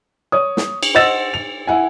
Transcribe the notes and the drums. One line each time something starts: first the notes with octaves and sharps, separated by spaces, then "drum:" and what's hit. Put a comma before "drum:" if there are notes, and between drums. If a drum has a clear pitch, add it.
C#5 D#6
drum: snare
drum: cymbal
C5 D#5 F#5 E6 A6 E7
F7
E4 F#5 G#5